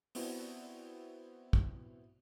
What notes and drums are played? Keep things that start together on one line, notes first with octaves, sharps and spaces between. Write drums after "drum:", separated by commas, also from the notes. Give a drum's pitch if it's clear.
B3 C4 E4 F#4, drum: open hi-hat
drum: kick